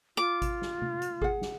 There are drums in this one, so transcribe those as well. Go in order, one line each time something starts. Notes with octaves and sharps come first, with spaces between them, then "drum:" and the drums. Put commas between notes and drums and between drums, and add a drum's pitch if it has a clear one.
F4 D6
drum: kick G#1, hi-hat
drum: snare
drum: tom C3
drum: hi-hat
G#4 F#5, drum: kick G#1
drum: snare